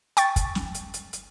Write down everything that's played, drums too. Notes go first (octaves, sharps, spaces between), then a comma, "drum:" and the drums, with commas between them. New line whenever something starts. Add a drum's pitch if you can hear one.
G5 C#6 A6, drum: hi-hat
drum: kick, hi-hat
drum: snare
drum: hi-hat
drum: hi-hat
drum: hi-hat